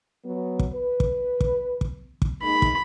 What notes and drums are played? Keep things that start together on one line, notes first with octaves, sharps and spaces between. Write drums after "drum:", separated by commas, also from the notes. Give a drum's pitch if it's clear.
F#3 B3
drum: kick
B4
drum: kick
drum: kick
drum: kick
drum: kick
G#3 A#3 D#4 B5
drum: kick